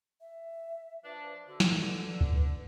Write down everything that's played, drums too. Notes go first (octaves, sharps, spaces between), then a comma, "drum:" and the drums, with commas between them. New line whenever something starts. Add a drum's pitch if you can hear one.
E5
F3 D4 B4
D3 F#4
drum: snare
B4
drum: kick D2